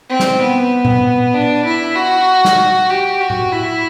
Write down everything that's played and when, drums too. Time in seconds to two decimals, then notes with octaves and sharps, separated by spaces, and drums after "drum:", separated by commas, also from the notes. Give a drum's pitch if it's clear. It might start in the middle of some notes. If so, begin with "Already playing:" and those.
0.09 C4
0.20 drum: snare
0.41 B3
0.85 drum: tom A#2
1.34 D4
1.65 E4
1.96 F#4
2.45 drum: snare
2.90 G4
3.21 F#4
3.30 drum: tom A2
3.52 E4